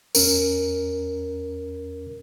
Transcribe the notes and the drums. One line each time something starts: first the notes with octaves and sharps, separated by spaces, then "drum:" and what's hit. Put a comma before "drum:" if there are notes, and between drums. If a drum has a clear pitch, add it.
E2 C#4 A#4, drum: tambourine